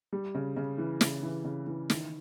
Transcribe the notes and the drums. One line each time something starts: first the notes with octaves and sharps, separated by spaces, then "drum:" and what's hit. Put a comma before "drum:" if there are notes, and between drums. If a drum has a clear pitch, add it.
G3
C#3
C#3
E3
C#3, drum: snare
E3
C#3
E3
D#3, drum: snare